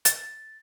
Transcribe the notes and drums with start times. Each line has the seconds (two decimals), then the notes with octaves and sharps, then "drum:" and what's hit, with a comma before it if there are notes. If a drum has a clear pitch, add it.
0.05 A6, drum: hi-hat